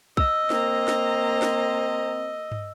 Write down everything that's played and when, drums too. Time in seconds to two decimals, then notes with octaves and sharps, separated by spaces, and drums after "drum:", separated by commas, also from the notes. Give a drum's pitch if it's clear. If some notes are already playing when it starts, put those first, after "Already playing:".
0.17 D#5 E6, drum: kick
0.50 A#3 C4 A#5, drum: snare
0.88 drum: snare
1.42 drum: snare
2.52 drum: tom